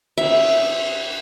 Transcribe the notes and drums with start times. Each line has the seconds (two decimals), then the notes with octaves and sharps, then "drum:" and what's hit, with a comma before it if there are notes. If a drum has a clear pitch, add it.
0.18 E5, drum: cymbal